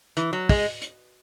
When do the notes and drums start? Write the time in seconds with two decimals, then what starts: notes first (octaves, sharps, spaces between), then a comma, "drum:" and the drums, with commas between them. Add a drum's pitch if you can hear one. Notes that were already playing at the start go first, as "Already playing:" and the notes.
0.17 E3, drum: hi-hat
0.33 F#3
0.49 G#3, drum: kick, open hi-hat
0.82 drum: hi-hat